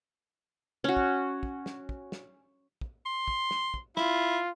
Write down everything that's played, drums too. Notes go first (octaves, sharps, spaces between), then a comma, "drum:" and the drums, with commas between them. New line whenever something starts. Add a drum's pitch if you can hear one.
C#4 F#4
drum: kick
drum: kick
drum: snare
drum: kick
drum: snare
drum: kick
C6
drum: kick
drum: snare
drum: kick
E4 F4, drum: snare